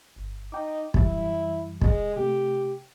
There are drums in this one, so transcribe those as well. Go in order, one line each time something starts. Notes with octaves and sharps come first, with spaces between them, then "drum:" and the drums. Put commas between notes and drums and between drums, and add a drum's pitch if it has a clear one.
G1
D#4 G5 D6
F#2 E3 G3 E4, drum: kick
G#3, drum: kick
C3 A3 G4